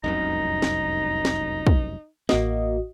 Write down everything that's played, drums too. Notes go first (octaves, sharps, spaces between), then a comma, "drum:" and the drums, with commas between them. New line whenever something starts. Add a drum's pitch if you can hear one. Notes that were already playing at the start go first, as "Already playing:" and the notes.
F1 C2 F#2 D#4 A#5
drum: snare
drum: snare
drum: kick
A1 A#3 F#4 D#5, drum: snare